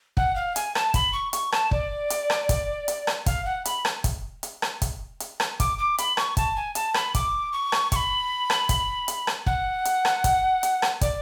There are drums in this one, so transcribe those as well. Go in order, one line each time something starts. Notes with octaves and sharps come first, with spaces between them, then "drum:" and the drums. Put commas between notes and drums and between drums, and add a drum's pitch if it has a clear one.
F#5, drum: kick
F5
G#5, drum: hi-hat
A5, drum: rim click
B5, drum: kick, hi-hat
C#6
C#6, drum: hi-hat
A5, drum: rim click
D5, drum: kick
drum: hi-hat
drum: rim click
drum: kick, hi-hat
drum: hi-hat
drum: rim click
F5, drum: kick, hi-hat
F#5
B5, drum: hi-hat
drum: rim click
drum: kick, hi-hat
drum: hi-hat
drum: rim click
drum: kick, hi-hat
drum: hi-hat
drum: rim click
D6, drum: kick, hi-hat
D6
B5, drum: hi-hat
C#6, drum: rim click
A5, drum: kick, hi-hat
G#5
A5, drum: hi-hat
B5, drum: rim click
D6, drum: kick, hi-hat
C#6
drum: rim click
C#6, drum: kick, hi-hat
B5
drum: rim click
drum: kick, hi-hat
drum: hi-hat
drum: rim click
F#5, drum: kick
drum: hi-hat
drum: rim click
drum: kick, hi-hat
drum: hi-hat
drum: rim click
D5, drum: kick, hi-hat